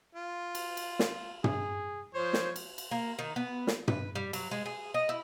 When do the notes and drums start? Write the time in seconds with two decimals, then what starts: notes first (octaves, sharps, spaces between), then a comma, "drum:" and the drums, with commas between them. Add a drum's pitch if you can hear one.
0.15 F4
0.55 drum: cymbal
0.77 drum: cymbal
0.99 drum: snare
1.44 G#4, drum: tom
2.14 F3 C5 C#5
2.33 drum: snare
2.56 drum: cymbal
2.78 drum: cymbal
2.91 A#3
3.19 D#3
3.36 B3
3.67 drum: snare
3.88 B4, drum: tom
4.15 G3
4.33 F#3, drum: cymbal
4.51 G#3
4.66 G#4
4.94 D#5
5.09 E4